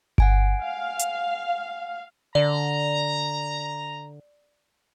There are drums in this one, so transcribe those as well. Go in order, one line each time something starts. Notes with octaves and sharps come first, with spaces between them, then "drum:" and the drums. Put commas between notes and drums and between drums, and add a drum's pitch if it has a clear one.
F#5 G#5 D7, drum: kick G1
F5
drum: hi-hat
D3 D5 A#5